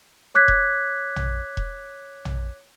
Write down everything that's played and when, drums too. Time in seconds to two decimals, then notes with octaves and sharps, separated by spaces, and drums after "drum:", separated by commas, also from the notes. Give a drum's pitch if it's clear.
0.34 C#5 D6 F#6 G#6 B6
0.48 drum: kick E1
1.16 drum: tom
1.57 drum: kick E1
2.25 drum: tom